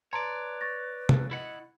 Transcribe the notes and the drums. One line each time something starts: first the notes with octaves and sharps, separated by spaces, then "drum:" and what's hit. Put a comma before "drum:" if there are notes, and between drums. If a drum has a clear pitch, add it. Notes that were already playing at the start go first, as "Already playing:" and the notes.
B4 C#5 D5 A5 A#5 C6
C#6 A6 A#6
drum: tom
E4 D#5 F#5